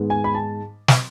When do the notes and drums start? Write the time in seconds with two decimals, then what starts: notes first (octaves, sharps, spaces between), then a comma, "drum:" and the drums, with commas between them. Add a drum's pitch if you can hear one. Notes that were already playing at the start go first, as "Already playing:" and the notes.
Already playing: G#2 D#3 G#3 B3
0.10 G#5
0.24 B5
0.35 A5
0.88 drum: snare